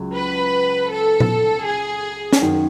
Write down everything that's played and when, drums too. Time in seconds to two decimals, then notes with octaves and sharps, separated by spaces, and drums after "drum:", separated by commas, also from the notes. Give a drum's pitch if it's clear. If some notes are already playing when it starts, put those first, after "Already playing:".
Already playing: C#2 F#3
0.16 B4
0.91 A4
1.20 drum: tom A#2
1.66 G#4
2.33 drum: snare
2.42 F#2 D#3 F#3